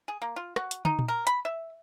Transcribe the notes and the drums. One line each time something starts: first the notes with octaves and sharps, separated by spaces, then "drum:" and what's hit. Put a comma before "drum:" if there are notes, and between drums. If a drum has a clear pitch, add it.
G#4
A#3
F4
F#4, drum: rim click
drum: hi-hat
D#4, drum: tom
drum: tom A#2
A#4
B5, drum: hi-hat
E5